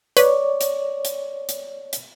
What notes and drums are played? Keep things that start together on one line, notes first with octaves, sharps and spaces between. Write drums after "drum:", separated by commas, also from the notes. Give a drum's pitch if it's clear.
B4 C#5 D5, drum: hi-hat
drum: hi-hat
drum: hi-hat
drum: hi-hat
drum: hi-hat